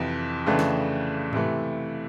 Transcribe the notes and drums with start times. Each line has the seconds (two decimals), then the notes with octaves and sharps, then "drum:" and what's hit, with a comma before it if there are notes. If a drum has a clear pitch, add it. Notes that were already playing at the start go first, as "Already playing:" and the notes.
Already playing: F2 C3 E3
0.46 F2 C#3 E3 A3 D4
0.59 drum: snare
1.33 C3 E3 A3, drum: tom G#2